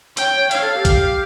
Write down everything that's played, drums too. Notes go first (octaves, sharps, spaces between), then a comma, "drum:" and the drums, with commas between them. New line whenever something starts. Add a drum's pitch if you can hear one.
C#5 G5, drum: hi-hat
C#5
C#5 F5, drum: hi-hat
A4
G4
drum: kick A#1, hi-hat